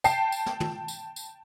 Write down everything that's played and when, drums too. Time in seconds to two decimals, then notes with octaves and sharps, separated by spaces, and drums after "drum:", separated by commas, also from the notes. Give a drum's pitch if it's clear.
0.04 G5 A5 C7, drum: tambourine
0.32 drum: tambourine
0.46 drum: snare
0.60 drum: tom
0.88 drum: tambourine
1.16 drum: tambourine